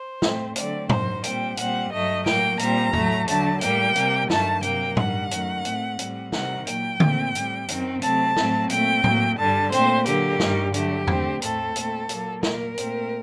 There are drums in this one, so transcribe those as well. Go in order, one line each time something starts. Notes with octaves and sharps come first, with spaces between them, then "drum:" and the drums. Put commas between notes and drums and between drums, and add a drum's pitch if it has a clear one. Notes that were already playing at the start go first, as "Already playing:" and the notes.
Already playing: C5
A2 A3 C4, drum: snare
D3 F#3 A3 C4 D5, drum: hi-hat
G2 D#3 F#3 C5, drum: tom A2
A#2 G3 C4 G5, drum: hi-hat
A#2 G3 C4 F#5, drum: hi-hat
G2 F#3 A3 D#5
A2 F#3 A#3 G5, drum: snare
A#2 G3 C4 A#5, drum: hi-hat
A2 F#3 A3, drum: tom E2
D3 F#3 A3 A5, drum: hi-hat
A2 G3 A#3 G5, drum: hi-hat
C3 G3 A#3, drum: hi-hat
G2 D#3 F#3 A3 A5, drum: snare
C3 F#3 A#3 G5, drum: hi-hat
G2 D#3 G3 F#5, drum: tom A2
F#2 D#3 F#3 A3, drum: hi-hat
A2 A3 C4, drum: hi-hat
A2 G3 C4, drum: hi-hat
C3 D#3 G3 C4 F#5, drum: snare
A#2 F#3 A#3 G5, drum: hi-hat
A#2 A3 C4, drum: tom D3
A2 G3 C4, drum: hi-hat
F#2 D#3 F#3 C4, drum: hi-hat
C3 F#3 A3 C4 A5, drum: hi-hat
A2 F#3 A3 C4, drum: snare
A#2 A3 C4 G5, drum: hi-hat
A2 F#3 A#3, drum: tom A2
G2 D3 G3 A5
A#2 A3 C4 C5, drum: hi-hat
D3 F#3 A#3 G4, drum: hi-hat
G2 D#3 G3, drum: snare
D3 F#3 A3 G4, drum: hi-hat
D3 A3 C4, drum: tom E2
A2 A3 C4 A4, drum: hi-hat
A#2 A3 C4, drum: hi-hat
A#2 F#3 A#3, drum: hi-hat
A#2 F#3 A#3 A#4, drum: snare
A#2 A3 C4, drum: hi-hat